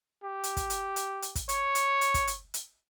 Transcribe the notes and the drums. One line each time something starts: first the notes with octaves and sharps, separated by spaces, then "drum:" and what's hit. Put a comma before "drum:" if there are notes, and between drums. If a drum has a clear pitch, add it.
G4
drum: hi-hat
drum: kick, hi-hat
drum: hi-hat
drum: hi-hat
drum: hi-hat
drum: kick, hi-hat
C#5, drum: hi-hat
drum: hi-hat
drum: hi-hat
drum: kick, hi-hat
drum: hi-hat
drum: hi-hat